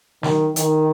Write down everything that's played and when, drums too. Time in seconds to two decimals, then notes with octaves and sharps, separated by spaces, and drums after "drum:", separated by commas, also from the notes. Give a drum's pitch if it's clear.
0.23 D#3, drum: snare
0.56 D#3, drum: hi-hat